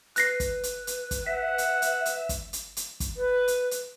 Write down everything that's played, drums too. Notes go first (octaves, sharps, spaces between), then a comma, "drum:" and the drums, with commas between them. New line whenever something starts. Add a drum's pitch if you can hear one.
B4 F#6 A#6 C7, drum: hi-hat
drum: kick, hi-hat
drum: hi-hat
drum: hi-hat
drum: kick, hi-hat
E5 F#5
drum: hi-hat
drum: hi-hat
drum: hi-hat
drum: kick, hi-hat
drum: hi-hat
drum: hi-hat
drum: kick, hi-hat
B4
drum: hi-hat
drum: hi-hat